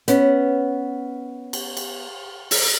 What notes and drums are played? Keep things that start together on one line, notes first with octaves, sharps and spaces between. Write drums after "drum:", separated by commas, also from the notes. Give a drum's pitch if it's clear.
B3 C#4, drum: hi-hat
drum: cymbal
drum: cymbal
drum: open hi-hat